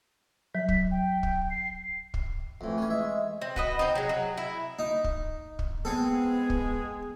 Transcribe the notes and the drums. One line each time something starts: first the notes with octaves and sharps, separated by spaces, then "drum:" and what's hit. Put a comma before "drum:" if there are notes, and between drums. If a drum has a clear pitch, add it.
F#3 B6
drum: kick
G5
drum: kick
C7
drum: kick
F2 A2 E3
C#4 C#5
G#3 E5
C4
F#4 B4 D#5, drum: kick
C4 D#4
F#3 G#3
F#3
E4
D#4
drum: kick
drum: kick
G#3 B3 C4 G#4 A4
drum: kick